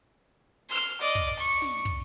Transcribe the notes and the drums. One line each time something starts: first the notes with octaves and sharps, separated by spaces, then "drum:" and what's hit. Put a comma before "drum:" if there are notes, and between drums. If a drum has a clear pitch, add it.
C6 F6
D5 D#5
drum: kick
C#6
drum: snare
drum: kick